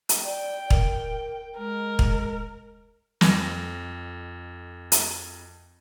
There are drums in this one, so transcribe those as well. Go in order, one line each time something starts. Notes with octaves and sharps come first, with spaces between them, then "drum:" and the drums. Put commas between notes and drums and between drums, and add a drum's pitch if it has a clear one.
drum: hi-hat
D5 G5
A#4, drum: kick
G#3 A#4
drum: kick
F2 A#6, drum: snare
drum: hi-hat